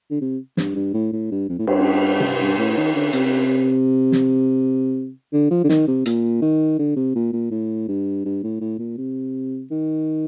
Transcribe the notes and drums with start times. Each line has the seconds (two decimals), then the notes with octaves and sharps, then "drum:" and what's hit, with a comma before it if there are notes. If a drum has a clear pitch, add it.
0.11 D3
0.21 C3
0.57 G2, drum: snare
0.75 G2
0.94 A2
1.13 A2
1.31 G2
1.49 F2
1.59 A2
1.67 G2, drum: cymbal
2.20 drum: tom C3
2.41 G2
2.58 A2
2.77 D#3
2.96 D3
3.13 C3, drum: hi-hat
4.12 drum: snare
5.33 D3
5.50 F3
5.64 D3
5.69 D#3, drum: snare
5.88 C3
6.06 A#2, drum: hi-hat
6.42 D#3
6.79 D3
6.96 C3
7.15 A#2
7.33 A#2
7.51 A2
7.88 G2
8.25 G2
8.43 A2
8.60 A2
8.79 A#2
8.98 C3
9.71 D#3